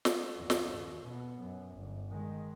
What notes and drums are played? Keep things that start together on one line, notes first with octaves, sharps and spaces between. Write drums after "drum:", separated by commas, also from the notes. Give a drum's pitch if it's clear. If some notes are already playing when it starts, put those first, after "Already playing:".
drum: snare
E2
drum: snare
D#2
B2 B3
F#2
G1
D#3 G#3